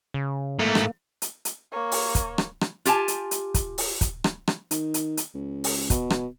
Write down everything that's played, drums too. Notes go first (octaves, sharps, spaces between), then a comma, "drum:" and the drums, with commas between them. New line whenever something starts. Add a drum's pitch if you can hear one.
C#3
G#2 A3 A#3
drum: rim click
drum: hi-hat
drum: hi-hat
A#3 C#5
drum: open hi-hat
drum: kick, hi-hat
drum: rim click
drum: rim click
F4 G4 G#5 A5, drum: hi-hat
drum: hi-hat
drum: hi-hat
drum: kick, hi-hat
drum: open hi-hat
drum: kick, hi-hat
drum: rim click
drum: rim click
D#3, drum: hi-hat
drum: hi-hat
drum: hi-hat
C#2
drum: open hi-hat
B2, drum: kick, hi-hat
drum: rim click